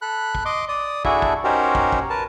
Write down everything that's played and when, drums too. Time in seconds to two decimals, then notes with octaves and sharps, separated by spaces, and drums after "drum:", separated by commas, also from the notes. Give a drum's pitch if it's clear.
0.02 A4 B5 F#6
0.35 drum: kick
0.45 D#5 C6 D6
0.69 D5 D#6
1.05 D4 E4 F#4 G#4 A4 E5, drum: kick
1.22 drum: kick
1.44 C#4 D#4 F#4 G4 A#4 C5
1.75 drum: kick
1.92 drum: kick
2.10 A#4 B4 A5